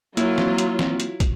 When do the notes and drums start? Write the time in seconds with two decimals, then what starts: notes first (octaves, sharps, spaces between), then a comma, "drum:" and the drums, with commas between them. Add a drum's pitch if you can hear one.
0.17 F#3 A#3 E4 F4, drum: hi-hat
0.38 drum: snare
0.58 drum: hi-hat
0.79 drum: snare
1.00 drum: hi-hat
1.20 drum: kick, hi-hat